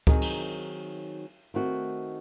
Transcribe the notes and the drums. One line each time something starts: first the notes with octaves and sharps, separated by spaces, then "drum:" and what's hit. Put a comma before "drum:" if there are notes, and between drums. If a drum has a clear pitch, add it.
D#3 F#3 C4 D#4 G#4, drum: kick C#2
drum: cymbal
D#3 A3 C4 F#4